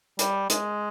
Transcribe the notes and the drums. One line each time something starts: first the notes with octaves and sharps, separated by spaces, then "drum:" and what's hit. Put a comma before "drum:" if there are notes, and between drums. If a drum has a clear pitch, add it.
G3, drum: hi-hat
G#3, drum: hi-hat